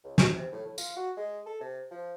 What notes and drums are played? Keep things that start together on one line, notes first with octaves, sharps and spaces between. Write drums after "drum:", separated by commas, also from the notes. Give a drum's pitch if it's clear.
C#2
D#4, drum: snare
C3
A2
A2
F4, drum: tambourine
F#4
G#3
A4
C3
F3